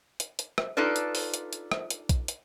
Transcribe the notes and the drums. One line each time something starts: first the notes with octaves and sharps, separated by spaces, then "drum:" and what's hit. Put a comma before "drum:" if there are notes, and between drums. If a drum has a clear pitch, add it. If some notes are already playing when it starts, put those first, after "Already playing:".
drum: hi-hat
drum: hi-hat
drum: rim click
D4 D#4 F4 A4 B4 D5
drum: hi-hat
drum: open hi-hat
drum: hi-hat
drum: hi-hat
drum: rim click
drum: hi-hat
drum: kick, hi-hat
drum: hi-hat